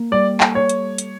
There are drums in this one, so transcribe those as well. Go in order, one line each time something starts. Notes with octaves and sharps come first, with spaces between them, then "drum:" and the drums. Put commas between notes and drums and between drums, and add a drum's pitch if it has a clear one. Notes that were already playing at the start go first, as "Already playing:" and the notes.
Already playing: A#3
G3 D5
A4, drum: clap
C#5
drum: hi-hat
drum: hi-hat